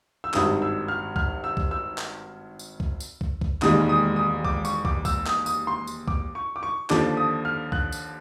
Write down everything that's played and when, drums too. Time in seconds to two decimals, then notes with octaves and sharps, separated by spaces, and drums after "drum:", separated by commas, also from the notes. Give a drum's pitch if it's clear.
0.24 E6
0.34 G#1 G2 D#3 D#6, drum: clap
0.62 E6
0.88 F6
1.16 F6, drum: kick
1.44 E6
1.57 drum: kick
1.71 E6
1.98 drum: clap
2.59 drum: tambourine
2.80 drum: kick
3.00 drum: tambourine
3.21 drum: kick
3.41 drum: kick
3.62 E1 D#2 D#3 G#3 D#6, drum: clap
3.89 D#6
4.16 D#6
4.45 D6, drum: kick
4.65 C#6, drum: tambourine
4.85 D6, drum: kick
5.05 E6, drum: kick, tambourine
5.26 D#6, drum: clap
5.46 D#6, drum: tambourine
5.67 C6
5.87 drum: tambourine
6.08 D6, drum: kick
6.35 C#6
6.56 D6
6.63 C#6
6.90 D#2 D3 F3 D6, drum: clap
7.17 D#6
7.45 F6
7.72 F#6, drum: kick
7.92 drum: tambourine